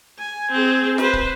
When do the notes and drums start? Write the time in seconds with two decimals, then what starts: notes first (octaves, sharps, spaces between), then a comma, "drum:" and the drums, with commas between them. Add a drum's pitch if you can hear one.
0.19 G#5
0.51 C4 G#4
0.98 B4 C5, drum: snare
1.13 drum: kick